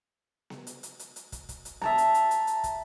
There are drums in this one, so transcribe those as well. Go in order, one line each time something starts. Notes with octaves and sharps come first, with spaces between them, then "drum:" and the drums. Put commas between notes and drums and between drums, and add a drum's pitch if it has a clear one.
drum: snare B3
drum: hi-hat
drum: hi-hat
drum: hi-hat
drum: hi-hat
drum: kick, hi-hat
drum: kick, hi-hat
drum: hi-hat
E5 A5 A#5, drum: snare B3
drum: hi-hat
drum: hi-hat
drum: hi-hat
drum: hi-hat
drum: kick, hi-hat